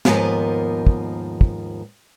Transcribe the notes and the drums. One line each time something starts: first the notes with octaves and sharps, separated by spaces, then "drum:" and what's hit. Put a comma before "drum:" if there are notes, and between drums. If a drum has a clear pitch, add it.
D#2 G#2 F3 B3 A#4 D#5, drum: snare
drum: kick
drum: kick